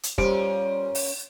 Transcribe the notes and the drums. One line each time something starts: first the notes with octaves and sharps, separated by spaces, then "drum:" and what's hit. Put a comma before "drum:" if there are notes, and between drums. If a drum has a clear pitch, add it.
drum: hi-hat
A#2 G3 C#4 C5 D7, drum: kick
drum: open hi-hat